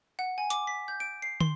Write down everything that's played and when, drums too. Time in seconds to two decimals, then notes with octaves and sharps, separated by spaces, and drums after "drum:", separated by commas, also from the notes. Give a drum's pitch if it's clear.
0.19 F#5
0.38 G#5
0.50 D6, drum: hi-hat
0.67 B6
0.88 G6
1.00 D7
1.22 C7
1.40 C6, drum: tom